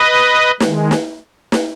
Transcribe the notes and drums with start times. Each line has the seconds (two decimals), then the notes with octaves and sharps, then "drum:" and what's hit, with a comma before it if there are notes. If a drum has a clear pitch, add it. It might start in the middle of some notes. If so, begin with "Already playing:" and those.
Already playing: B4 D#5
0.60 D#3 G#3, drum: snare
0.91 drum: snare
1.52 drum: snare